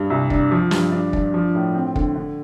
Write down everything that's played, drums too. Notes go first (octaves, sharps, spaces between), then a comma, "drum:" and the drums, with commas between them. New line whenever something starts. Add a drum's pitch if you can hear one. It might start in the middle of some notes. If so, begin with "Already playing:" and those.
Already playing: G2
C2
D4, drum: kick
F3
G2, drum: snare
D4
D4, drum: kick
F3
A2
C4
D3, drum: kick
D3